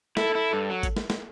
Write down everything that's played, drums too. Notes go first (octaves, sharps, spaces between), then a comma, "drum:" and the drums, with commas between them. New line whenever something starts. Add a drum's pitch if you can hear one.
E4 A4, drum: snare
E4
G2
F#3
drum: kick, hi-hat
drum: snare
drum: snare